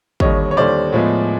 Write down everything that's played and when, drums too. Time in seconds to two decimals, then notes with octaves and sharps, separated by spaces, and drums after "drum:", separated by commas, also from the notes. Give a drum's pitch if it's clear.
0.20 D#2 D3 G3 C#5 D#5, drum: kick
0.51 C#5
0.57 D#2 D3 G3 C5 D5
0.93 A2 F3 G#3 B3